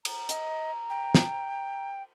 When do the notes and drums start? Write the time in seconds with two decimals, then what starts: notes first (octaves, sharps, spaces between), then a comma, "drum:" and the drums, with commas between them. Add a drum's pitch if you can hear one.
0.05 A#5, drum: cymbal
0.29 D#5, drum: hi-hat
0.90 G5
1.15 drum: snare